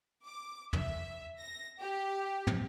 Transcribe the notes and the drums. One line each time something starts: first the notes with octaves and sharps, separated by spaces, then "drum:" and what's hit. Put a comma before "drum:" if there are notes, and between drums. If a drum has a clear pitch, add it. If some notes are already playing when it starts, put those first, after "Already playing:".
D6
E5, drum: tom
A#6
G4
drum: tom